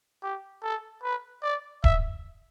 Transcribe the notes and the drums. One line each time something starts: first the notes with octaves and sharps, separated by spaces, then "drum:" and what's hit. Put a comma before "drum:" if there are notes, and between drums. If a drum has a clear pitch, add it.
G4
A4
B4
D5
E5, drum: kick D1